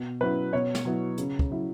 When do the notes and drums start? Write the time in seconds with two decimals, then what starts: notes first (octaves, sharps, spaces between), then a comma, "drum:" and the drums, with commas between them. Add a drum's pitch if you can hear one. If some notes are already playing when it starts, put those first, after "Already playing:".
Already playing: B2
0.21 F#3 C#4 E4 B4
0.53 B2 C#5
0.75 drum: snare
0.85 F#3 B3 E4
1.18 C#3, drum: hi-hat
1.39 drum: kick
1.51 F#3 E4